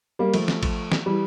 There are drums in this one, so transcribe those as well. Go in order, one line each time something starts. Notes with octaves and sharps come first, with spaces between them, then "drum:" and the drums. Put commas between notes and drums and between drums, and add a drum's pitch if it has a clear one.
G3 A#3
F3 A3, drum: cymbal
drum: snare
drum: kick A1, cymbal
drum: snare
E3 G3